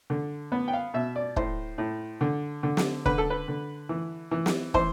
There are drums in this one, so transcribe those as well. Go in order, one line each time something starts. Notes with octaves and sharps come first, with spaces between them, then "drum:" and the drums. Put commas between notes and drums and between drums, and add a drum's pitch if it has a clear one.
D3
B3
G5
F5
B2 E5
D5
A2 C5, drum: kick
A2
D3
D3
drum: snare
D3 B4, drum: kick
A4
B4
D3
E3
E3
drum: snare
E3 C5, drum: kick